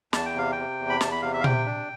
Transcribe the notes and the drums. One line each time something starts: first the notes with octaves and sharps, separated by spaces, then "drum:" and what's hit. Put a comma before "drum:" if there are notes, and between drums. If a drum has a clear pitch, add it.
E2 A5, drum: snare
G5
C3 F5
C3 G5
E2
B5
E2 A5, drum: snare
B5
C3 F5
E5
F5
C3 G5, drum: tom A#2
D4